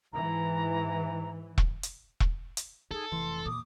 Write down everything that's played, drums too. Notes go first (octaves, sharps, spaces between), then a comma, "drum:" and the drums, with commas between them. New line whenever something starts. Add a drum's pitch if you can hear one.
G#2 E3 A#5
drum: kick E1
drum: hi-hat
drum: kick E1
drum: hi-hat
D#4 G#4 A4
F1 E3 C6
E2 A#2 D6 D#6